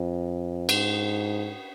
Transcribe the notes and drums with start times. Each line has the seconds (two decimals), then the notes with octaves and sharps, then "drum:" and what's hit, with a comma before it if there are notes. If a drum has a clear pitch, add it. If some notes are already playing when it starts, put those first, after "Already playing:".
Already playing: F2
0.69 G#2, drum: cymbal